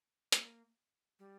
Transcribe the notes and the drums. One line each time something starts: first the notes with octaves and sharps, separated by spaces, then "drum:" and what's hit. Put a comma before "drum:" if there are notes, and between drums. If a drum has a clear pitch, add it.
G#3, drum: hi-hat
A#3
G3